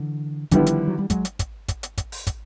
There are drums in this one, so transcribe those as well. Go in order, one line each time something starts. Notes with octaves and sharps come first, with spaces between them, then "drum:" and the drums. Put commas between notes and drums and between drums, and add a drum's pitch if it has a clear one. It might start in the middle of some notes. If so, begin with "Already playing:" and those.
Already playing: D3 E3
D3 D#3 F3 G3 B3 E4, drum: kick, hi-hat
drum: hi-hat
F#3
G3
F#3 G#3, drum: kick, hi-hat
drum: hi-hat
drum: kick, hi-hat
drum: kick, hi-hat
drum: hi-hat
drum: kick, hi-hat
drum: open hi-hat
drum: kick, hi-hat